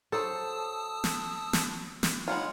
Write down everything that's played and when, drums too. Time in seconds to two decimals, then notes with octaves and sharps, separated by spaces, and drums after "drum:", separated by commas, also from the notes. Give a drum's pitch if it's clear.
0.12 F#3 A4 C5 A5 D#6 E6
1.04 drum: snare
1.53 drum: snare
2.03 drum: snare
2.28 G#3 D#4 F4 C#5 F#5 B5